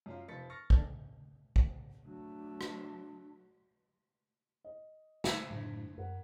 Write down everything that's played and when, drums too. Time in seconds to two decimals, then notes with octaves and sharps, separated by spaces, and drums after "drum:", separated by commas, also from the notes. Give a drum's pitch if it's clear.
0.06 F#2 C#4 F4
0.28 F1 F3 A6 B6 C#7
0.50 C#6 F6 A6 A#6 C#7
0.70 D4 A4 D5, drum: kick
1.56 drum: kick
2.05 F#3 A3 D4
2.61 drum: rim click
4.64 D#5
5.24 E6 G#6 B6, drum: snare
5.51 F#1 A2 D3
5.98 F#2 A#4 F#5